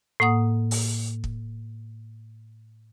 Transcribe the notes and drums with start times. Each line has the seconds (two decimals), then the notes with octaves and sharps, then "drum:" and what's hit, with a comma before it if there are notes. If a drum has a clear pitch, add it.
0.20 A2 A#3 F#5 D#6
0.71 drum: open hi-hat
1.24 drum: kick